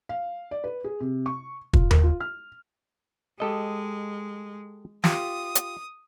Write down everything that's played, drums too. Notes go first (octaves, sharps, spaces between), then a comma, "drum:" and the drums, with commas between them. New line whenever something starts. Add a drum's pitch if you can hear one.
F5
D5
B4
G#4
C3
C#6
F4, drum: kick
A#4, drum: tom D#2
F4
F6
G#3 G4 A4 D#5
F4 G4 D#6, drum: snare
drum: hi-hat